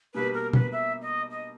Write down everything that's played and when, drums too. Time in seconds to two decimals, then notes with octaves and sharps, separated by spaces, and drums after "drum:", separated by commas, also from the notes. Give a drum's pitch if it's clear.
0.14 B2 G3 A#3 B4
0.34 A#4
0.53 B4, drum: tom
0.72 E5
1.02 D#5
1.31 D#5